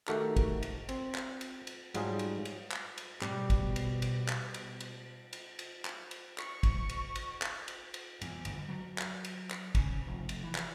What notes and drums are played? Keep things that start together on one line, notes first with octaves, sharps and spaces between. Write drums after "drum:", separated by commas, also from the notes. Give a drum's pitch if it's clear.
D#3 A3 F#4 G4 A4 A#4, drum: clap
drum: kick, cymbal
drum: cymbal
C4, drum: cymbal
drum: clap
drum: cymbal
drum: cymbal
G#2 F#3 G3 F4 G#4, drum: cymbal
drum: cymbal
drum: cymbal
drum: clap
drum: cymbal
B2 G3, drum: clap
drum: kick, cymbal
drum: cymbal
drum: cymbal
drum: clap
drum: cymbal
drum: cymbal
drum: cymbal
drum: cymbal
drum: clap
drum: cymbal
C#6, drum: clap
drum: kick, cymbal
drum: cymbal
drum: cymbal
drum: clap
drum: cymbal
drum: cymbal
E2, drum: cymbal
G1, drum: cymbal
F#3
drum: clap
drum: cymbal
drum: clap
C#3, drum: kick, cymbal
F1
drum: cymbal
E3
drum: clap